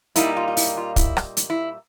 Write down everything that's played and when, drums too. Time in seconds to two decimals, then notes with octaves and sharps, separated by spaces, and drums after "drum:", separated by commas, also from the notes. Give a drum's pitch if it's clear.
0.16 A#2 G3 A#3 D#4 E4, drum: hi-hat
0.37 F4
0.48 F4
0.57 E4, drum: open hi-hat
0.77 F4
0.96 E4, drum: kick, hi-hat
1.17 drum: rim click
1.37 drum: hi-hat
1.50 E4